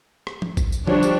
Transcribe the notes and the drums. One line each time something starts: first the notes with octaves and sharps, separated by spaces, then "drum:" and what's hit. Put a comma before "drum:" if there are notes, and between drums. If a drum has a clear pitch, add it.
drum: rim click
drum: tom F3
drum: kick A1, tambourine
drum: tambourine
F3 G3 D4 G4 C#5, drum: tom D3
drum: tambourine